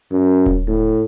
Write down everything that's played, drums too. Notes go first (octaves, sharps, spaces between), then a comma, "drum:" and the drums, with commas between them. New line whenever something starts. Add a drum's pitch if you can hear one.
F#2
drum: kick D#1
A2